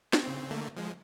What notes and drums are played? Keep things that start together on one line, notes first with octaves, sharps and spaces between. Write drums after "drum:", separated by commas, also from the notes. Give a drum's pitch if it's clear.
drum: snare
C#3 C4
D3 A3 A#3
F3 G#3